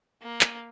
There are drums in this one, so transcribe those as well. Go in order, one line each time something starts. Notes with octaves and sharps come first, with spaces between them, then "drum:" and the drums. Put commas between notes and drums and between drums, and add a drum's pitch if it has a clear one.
A#3
drum: clap